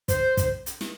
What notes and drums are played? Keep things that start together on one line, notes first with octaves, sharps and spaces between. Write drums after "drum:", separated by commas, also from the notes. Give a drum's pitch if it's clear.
C5, drum: kick, hi-hat
drum: kick, hi-hat
drum: hi-hat
drum: snare